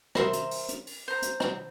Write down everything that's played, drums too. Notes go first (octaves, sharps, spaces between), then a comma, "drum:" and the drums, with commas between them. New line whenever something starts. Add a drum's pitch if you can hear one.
A#4 C5 E5 C6, drum: rim click
drum: hi-hat
drum: open hi-hat
drum: hi-hat
drum: open hi-hat
C5 A#5
drum: hi-hat
drum: rim click